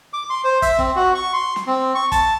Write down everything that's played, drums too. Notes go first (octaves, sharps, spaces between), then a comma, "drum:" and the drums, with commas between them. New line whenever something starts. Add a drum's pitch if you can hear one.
D6
C6
C5
E5, drum: kick, hi-hat
C4, drum: kick
F#4
C#6
C6
drum: snare
C4
C#6
A5, drum: kick, hi-hat